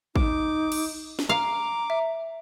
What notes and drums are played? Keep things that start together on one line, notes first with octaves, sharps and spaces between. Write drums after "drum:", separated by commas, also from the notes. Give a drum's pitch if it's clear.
D#4 D6, drum: kick
drum: cymbal
drum: snare
F5 A#5 D6
E5